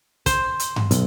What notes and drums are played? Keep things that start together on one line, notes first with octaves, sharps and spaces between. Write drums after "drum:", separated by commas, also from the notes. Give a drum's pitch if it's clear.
C5, drum: kick, hi-hat
drum: hi-hat
drum: tom G2
B1, drum: hi-hat